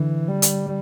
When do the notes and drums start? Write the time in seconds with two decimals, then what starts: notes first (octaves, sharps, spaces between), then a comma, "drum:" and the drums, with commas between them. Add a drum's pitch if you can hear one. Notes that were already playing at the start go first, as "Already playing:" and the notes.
Already playing: D3 E3
0.28 G3
0.42 drum: hi-hat